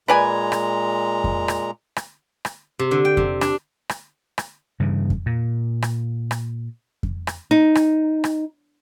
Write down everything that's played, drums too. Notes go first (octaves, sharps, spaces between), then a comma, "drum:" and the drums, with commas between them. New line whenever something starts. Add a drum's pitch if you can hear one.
A#2 G#3 B4 D5 G#5 A#5
drum: rim click
drum: kick F2
drum: rim click
drum: rim click
drum: rim click
C3
D3
G5
C3, drum: kick F2
D4, drum: rim click
drum: rim click
drum: rim click
G2 C#3 E3
drum: kick F2
A#2
drum: rim click
drum: rim click
drum: kick F2
drum: rim click
D#4
drum: rim click
drum: rim click